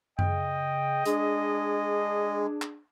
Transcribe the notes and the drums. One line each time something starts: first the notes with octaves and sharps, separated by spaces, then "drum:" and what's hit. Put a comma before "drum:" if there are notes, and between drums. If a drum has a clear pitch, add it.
C#3 D#5 G5, drum: tom F#2
G#3 D4 G#4, drum: hi-hat
drum: clap